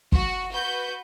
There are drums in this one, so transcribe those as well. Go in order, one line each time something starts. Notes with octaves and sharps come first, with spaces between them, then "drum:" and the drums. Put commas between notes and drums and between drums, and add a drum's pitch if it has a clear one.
F#4 F#5, drum: kick
F#4 B4 G6